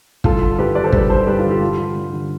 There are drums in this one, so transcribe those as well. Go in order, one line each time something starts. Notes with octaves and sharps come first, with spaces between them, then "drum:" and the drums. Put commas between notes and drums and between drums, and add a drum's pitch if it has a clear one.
G2 F4 A4, drum: kick
D3
G2 G4 B4
D3 B4 D5
A4 C5
G2 G4 B4, drum: kick
D3 A4 C5
G2 G4 B4
F4 A4
D3
G4
G2 F4
D3
G2
D3